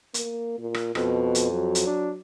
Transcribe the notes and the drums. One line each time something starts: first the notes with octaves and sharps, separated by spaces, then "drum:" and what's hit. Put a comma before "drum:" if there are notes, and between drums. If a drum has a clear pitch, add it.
A#3, drum: hi-hat
A#2
drum: rim click
F2 B2, drum: rim click
drum: hi-hat
F#3
drum: hi-hat
D4